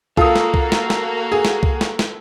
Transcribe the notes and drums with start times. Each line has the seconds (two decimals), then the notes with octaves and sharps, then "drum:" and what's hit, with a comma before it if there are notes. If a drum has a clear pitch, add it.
0.17 A#3 F4 F#4 A4 D#6, drum: kick C2
0.36 drum: snare
0.54 drum: kick C2
0.72 drum: snare
0.90 drum: snare
1.32 G#4
1.45 drum: snare
1.63 drum: kick C2
1.81 drum: snare
1.99 drum: snare